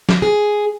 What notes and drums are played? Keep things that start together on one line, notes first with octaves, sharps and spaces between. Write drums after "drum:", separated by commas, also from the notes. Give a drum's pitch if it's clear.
drum: snare
G#4